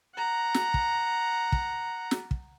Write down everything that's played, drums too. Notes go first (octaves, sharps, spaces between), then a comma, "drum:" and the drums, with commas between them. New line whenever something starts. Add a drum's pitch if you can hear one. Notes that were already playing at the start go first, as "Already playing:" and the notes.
F#5 A#5
drum: snare
drum: kick
drum: kick
drum: snare
drum: kick